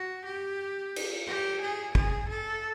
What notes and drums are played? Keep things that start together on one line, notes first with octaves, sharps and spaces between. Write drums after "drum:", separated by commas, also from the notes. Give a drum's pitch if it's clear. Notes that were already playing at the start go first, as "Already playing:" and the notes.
Already playing: F#4
G4
drum: cymbal
G4
G#4
G#4, drum: kick
A4